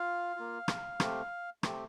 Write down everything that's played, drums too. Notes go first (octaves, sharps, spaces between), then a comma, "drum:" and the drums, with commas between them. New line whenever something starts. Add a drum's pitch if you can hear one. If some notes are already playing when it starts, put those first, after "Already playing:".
Already playing: F4 F5
A#3 F4
drum: rim click
A3 C4 G4, drum: rim click
A3 C4 G4, drum: rim click